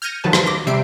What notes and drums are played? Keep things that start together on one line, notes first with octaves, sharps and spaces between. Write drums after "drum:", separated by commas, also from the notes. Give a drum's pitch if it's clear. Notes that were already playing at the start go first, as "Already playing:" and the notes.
F6 G6 G#6 A#6 C#7 D#7
D#3 F3 F#3 B4 A5
drum: rim click
D6 A#6
C3 G3 E5 C7 D7